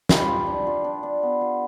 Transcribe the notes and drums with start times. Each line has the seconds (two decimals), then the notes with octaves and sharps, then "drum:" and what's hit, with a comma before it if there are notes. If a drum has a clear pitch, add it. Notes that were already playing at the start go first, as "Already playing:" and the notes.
0.09 F4 G4 B4, drum: snare
0.28 F4
0.47 D4
0.67 F4
0.84 D4
1.03 D4
1.23 B3
1.41 F4